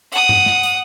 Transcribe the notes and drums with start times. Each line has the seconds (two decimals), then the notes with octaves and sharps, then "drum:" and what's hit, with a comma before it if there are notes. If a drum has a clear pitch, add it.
0.12 F#5 D#6, drum: tambourine
0.29 drum: tom G2
0.46 drum: snare
0.63 drum: tambourine